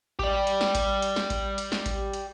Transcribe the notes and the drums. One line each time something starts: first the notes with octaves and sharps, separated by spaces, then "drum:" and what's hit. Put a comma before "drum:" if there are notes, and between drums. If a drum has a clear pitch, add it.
G4 D5, drum: kick A1
drum: hi-hat
drum: snare
drum: kick A1, hi-hat
drum: hi-hat
drum: snare
drum: kick A1, hi-hat
drum: hi-hat
drum: snare
drum: kick A1, hi-hat
drum: hi-hat